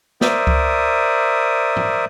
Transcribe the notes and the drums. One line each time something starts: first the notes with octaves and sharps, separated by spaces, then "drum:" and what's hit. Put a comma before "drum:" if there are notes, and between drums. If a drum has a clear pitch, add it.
A#4 C5 D5 E5 D#6, drum: snare
drum: kick C#2
drum: tom G#2